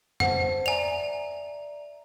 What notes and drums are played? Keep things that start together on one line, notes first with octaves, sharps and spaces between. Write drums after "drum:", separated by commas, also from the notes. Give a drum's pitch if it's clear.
B4 C5 F#5 A5, drum: tom F2
D5 E5 G#5 A#5 F7